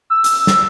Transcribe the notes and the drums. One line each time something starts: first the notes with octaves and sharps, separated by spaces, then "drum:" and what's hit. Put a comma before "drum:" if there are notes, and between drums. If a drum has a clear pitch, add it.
E6
E6, drum: hi-hat
drum: snare